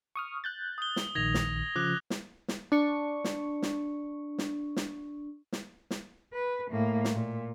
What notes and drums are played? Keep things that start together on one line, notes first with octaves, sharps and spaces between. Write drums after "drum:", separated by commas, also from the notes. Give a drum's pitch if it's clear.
C#6 D#6 F6
F#6 G6 A6
D#6 G7
drum: snare
A#1 D#3 G#6 A#6 F7
drum: snare
C#3 F3 D6 F#6
drum: snare
drum: snare
D4 C#6
drum: snare
drum: snare
drum: snare
drum: snare
drum: snare
drum: snare
B4
A2 A#3
drum: snare
A#2